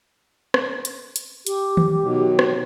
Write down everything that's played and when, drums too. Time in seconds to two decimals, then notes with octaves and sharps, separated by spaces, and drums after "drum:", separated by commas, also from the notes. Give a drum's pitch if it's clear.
0.54 drum: rim click
0.85 drum: hi-hat
1.16 drum: hi-hat
1.47 G4, drum: hi-hat
1.77 drum: tom D#3
2.01 B2 D#3 F#3
2.39 drum: rim click